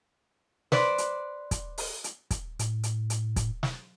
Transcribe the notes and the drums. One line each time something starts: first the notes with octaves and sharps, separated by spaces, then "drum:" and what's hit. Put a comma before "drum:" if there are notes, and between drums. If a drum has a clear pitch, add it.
B4 C5 D5, drum: snare
drum: hi-hat
drum: kick, hi-hat
drum: open hi-hat
drum: hi-hat
drum: kick, hi-hat
A2, drum: hi-hat
drum: hi-hat
drum: hi-hat
drum: kick, hi-hat
drum: snare